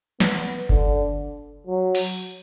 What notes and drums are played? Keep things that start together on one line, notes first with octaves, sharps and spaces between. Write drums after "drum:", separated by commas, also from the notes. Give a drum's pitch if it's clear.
B3, drum: snare
D3, drum: kick F#1
F#3
drum: open hi-hat